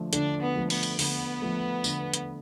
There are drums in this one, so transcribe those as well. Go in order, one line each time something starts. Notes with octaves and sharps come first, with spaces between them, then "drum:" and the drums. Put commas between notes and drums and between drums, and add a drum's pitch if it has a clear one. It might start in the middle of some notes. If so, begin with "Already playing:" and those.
Already playing: D3 F3 A3
D3 D4, drum: hi-hat
B3
F3 A3
B3, drum: cymbal
drum: cymbal
D3 B3, drum: open hi-hat
F3 A3
D3, drum: tambourine
drum: hi-hat